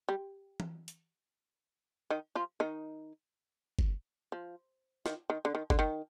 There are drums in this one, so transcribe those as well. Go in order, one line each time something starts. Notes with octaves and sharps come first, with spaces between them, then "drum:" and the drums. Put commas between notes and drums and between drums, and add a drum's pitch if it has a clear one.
G3
drum: tom E3
drum: hi-hat
D#3 D#4
F3 F4
D#3 D#4
drum: kick
F3
D#3, drum: snare
D#3
D3
D#3
D3, drum: kick
D#3